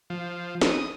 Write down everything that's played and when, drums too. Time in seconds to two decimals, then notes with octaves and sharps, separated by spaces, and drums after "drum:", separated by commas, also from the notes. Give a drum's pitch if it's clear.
0.10 F3
0.61 D#6, drum: snare